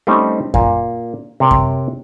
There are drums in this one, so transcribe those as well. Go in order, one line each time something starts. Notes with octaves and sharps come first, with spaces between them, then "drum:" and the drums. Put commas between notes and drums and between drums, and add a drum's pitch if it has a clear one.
G3 A3 C4 C#4 D#4
A#2 A#3, drum: kick F#2
C3 A#4 C#5 G5
drum: kick F#2